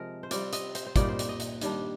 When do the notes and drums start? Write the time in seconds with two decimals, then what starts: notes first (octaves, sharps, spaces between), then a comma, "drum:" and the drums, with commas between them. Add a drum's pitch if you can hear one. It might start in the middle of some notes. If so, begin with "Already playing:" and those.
Already playing: C3 F3 G#3 A#4
0.23 C5
0.31 G3 C4 F4 D5, drum: hi-hat
0.53 D#5, drum: hi-hat
0.75 C5, drum: hi-hat
0.86 C5
0.96 A#2 G3 A#3 D#4 D5, drum: kick, hi-hat
1.08 C5
1.19 D5, drum: hi-hat
1.29 D#5
1.40 drum: hi-hat
1.61 D#3 G3 D4, drum: hi-hat